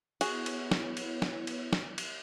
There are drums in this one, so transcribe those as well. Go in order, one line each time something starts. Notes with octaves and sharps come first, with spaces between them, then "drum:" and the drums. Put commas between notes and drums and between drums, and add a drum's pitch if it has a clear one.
B3 E4 F#4 G#4 C#5, drum: cymbal
drum: cymbal
drum: snare
drum: cymbal
drum: snare
drum: cymbal
drum: snare
drum: cymbal